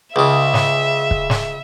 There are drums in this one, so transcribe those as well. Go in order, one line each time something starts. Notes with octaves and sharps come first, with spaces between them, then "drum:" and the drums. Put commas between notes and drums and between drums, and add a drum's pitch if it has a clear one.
C#2 C#3 E5
drum: snare
drum: kick
drum: snare